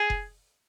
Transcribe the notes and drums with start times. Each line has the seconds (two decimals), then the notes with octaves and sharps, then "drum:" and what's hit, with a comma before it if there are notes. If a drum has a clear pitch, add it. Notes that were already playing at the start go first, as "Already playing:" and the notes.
Already playing: G#4
0.10 drum: kick F1